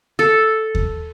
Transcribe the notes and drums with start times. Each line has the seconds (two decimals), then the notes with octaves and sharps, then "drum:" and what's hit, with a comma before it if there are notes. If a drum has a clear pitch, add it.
0.19 A4
0.75 drum: kick D#2